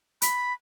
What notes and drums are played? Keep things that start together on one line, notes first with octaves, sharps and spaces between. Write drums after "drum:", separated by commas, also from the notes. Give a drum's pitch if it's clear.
B5, drum: hi-hat